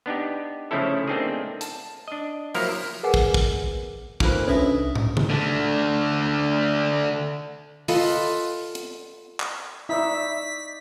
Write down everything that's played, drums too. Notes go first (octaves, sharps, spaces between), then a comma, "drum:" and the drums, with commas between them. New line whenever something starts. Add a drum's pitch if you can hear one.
B3 D4 D#4 G4
C#3 F3 A3 C#4 E4 A4
A3 A#3 C4 D4 D#4 G#4
A5, drum: hi-hat
D4 D#5
F3 F#3 A#3 E4 A#4 F5, drum: open hi-hat
G#4 A#4 B4 F#5 G#5
drum: kick
drum: kick
A#2 D#4 A4 B4 C5, drum: kick
C2 C#4 D4 A4 B4 D#5 E5
drum: tom
drum: tom C#3
D3 A3
F4 A4 B4 D#5, drum: open hi-hat
drum: hi-hat
drum: clap
D#4 E4 D5 E5 C#6 B6